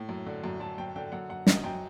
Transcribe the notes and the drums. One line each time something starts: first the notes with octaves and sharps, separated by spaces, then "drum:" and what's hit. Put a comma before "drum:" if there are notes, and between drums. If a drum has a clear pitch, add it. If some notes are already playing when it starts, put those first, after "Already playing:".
Already playing: A2
F#2
D3
F#2
F#2 A5
F#2 G5
D3 G5
F#2 F#5
F#2 F#5
F#2 D#5, drum: snare
F#2 G5